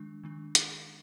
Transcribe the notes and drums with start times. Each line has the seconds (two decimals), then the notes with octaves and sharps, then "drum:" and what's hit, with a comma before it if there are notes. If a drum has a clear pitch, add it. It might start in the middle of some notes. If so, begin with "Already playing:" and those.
Already playing: D#3 G#3 D4
0.24 D#3 G#3 D4
0.55 drum: hi-hat